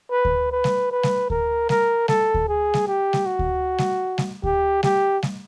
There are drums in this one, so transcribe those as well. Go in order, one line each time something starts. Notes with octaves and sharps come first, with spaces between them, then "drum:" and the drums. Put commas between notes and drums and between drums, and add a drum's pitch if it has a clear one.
B4
drum: kick D2
B4
drum: snare G3
B4
drum: snare G3
A#4, drum: kick D2
A#4, drum: snare G3
A4, drum: snare G3
drum: kick D2
G#4
drum: snare G3
G4
drum: snare G3
F#4
drum: kick D2
drum: snare G3
drum: snare G3
G4, drum: kick D2
G4, drum: snare G3
drum: snare G3